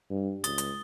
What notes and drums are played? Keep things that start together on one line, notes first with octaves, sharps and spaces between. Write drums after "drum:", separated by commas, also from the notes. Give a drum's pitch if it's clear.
G2
C#2 D#6 A6 G7, drum: hi-hat
drum: hi-hat